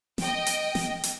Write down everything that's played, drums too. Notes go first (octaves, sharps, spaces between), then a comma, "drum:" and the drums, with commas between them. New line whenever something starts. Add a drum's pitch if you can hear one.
D#5 G5, drum: snare
drum: hi-hat
drum: snare
drum: hi-hat